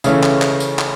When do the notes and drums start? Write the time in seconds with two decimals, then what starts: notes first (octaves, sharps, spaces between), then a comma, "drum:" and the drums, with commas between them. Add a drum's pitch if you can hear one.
0.04 C#3 E3 A3 C#4, drum: tambourine
0.23 drum: clap
0.42 drum: clap
0.60 drum: tambourine
0.79 drum: clap